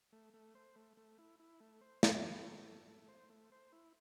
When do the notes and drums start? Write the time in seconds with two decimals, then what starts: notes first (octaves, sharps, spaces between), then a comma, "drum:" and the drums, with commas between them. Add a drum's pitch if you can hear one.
0.13 A3
0.34 A3
0.55 C5
0.76 A3
0.97 A3
1.19 E4
1.39 E4
1.60 A3
1.81 C5
2.03 E4, drum: snare
2.24 A3
2.46 A3
2.66 A3
2.88 A3
3.09 C5
3.30 A3
3.52 C5
3.72 E4